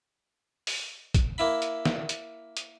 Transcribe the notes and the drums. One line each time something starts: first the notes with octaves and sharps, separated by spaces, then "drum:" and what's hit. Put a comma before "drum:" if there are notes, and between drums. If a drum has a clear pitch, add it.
drum: open hi-hat
drum: kick, hi-hat
A#3 E4 B5
drum: hi-hat
drum: snare
drum: hi-hat
drum: hi-hat